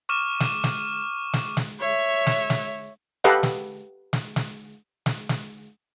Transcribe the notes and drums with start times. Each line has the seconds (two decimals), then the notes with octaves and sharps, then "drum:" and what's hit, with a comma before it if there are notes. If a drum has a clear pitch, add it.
0.09 C#6 D6 F6 D#7 E7
0.40 drum: snare
0.64 drum: snare
1.33 drum: snare
1.57 drum: snare
1.80 C#5 E5
2.27 drum: snare
2.50 drum: snare
3.24 G4 A4 B4 D#5 F5 F#5
3.43 drum: snare
4.13 drum: snare
4.36 drum: snare
5.06 drum: snare
5.29 drum: snare